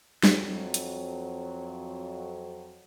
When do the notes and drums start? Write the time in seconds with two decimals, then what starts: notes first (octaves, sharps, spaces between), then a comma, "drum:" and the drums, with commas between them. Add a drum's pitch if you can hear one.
0.23 F2 F#3, drum: snare
0.74 drum: hi-hat